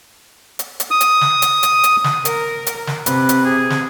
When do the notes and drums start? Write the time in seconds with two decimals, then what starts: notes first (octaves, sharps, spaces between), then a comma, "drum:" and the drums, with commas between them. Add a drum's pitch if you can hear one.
0.59 drum: hi-hat
0.80 drum: hi-hat
0.91 D#6
1.01 drum: hi-hat
1.21 drum: snare
1.42 drum: hi-hat
1.63 drum: hi-hat
1.84 drum: hi-hat
2.04 drum: snare
2.25 A#4, drum: hi-hat
2.67 drum: hi-hat
2.87 drum: snare
3.06 C3 B4, drum: hi-hat
3.29 drum: hi-hat
3.45 G#4
3.70 drum: snare